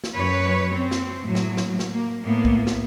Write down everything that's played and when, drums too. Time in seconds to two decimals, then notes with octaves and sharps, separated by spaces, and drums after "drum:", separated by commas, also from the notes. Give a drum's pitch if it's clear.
0.04 drum: snare
0.13 F#2 B4 C#5
0.74 C4
0.91 drum: snare
1.25 A2 F#3
1.35 drum: snare
1.57 drum: snare
1.79 drum: snare
1.90 A#3
2.23 A2 A#3 B3
2.45 drum: kick
2.67 drum: snare